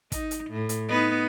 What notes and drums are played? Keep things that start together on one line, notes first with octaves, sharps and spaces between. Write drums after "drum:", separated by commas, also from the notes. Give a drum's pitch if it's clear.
D#4, drum: kick, hi-hat
drum: hi-hat
A2
drum: hi-hat
B3 D#4 B4